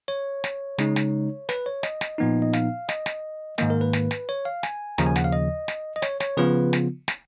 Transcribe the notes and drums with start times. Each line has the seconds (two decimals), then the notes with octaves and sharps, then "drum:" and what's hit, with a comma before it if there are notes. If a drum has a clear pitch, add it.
0.08 C#5
0.44 drum: snare
0.78 C#3 G#3 D#4, drum: snare
0.96 drum: snare
1.49 B4, drum: snare
1.66 C#5
1.83 D#5, drum: snare
2.01 drum: snare
2.18 A#2 F3 B3 D#4
2.42 D#5
2.53 F5, drum: snare
2.89 D#5, drum: snare
3.06 drum: snare
3.58 G#2 D#3 A#3 D#5, drum: snare
3.70 A#4
3.81 B4
3.93 drum: snare
4.11 drum: snare
4.29 C#5
4.45 F5
4.63 G#5, drum: snare
4.98 D#2 C#3 F3 A#5, drum: snare
5.06 G#5
5.16 F#5, drum: snare
5.24 F5
5.33 D#5
5.68 drum: snare
5.96 D#5
6.02 C#5, drum: snare
6.20 C#5, drum: snare
6.37 C#3 F3 B3 F4 B4
6.73 drum: snare
7.08 drum: snare